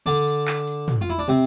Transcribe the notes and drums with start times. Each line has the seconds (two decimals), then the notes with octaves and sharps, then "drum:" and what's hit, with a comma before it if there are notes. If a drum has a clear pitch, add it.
0.06 D3 D4
0.27 drum: tambourine
0.47 drum: clap
0.68 drum: tambourine
0.88 drum: tom
1.01 F4
1.10 E4, drum: tambourine
1.19 D4
1.28 C3 C4